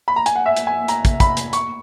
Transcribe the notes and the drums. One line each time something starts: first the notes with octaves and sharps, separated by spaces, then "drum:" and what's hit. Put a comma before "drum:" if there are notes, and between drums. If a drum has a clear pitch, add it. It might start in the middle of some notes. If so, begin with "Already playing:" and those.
B5
A#5
G#5, drum: hi-hat
F#5
E5
drum: hi-hat
G#5
A#5, drum: hi-hat
drum: kick, hi-hat
B5, drum: kick, hi-hat
drum: hi-hat
C#6, drum: hi-hat